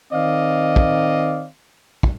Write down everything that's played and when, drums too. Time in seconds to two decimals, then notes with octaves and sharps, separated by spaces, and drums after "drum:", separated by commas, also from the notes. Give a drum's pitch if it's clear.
0.13 D#3 C4 D5 D#5 F5
0.76 drum: kick
2.03 drum: kick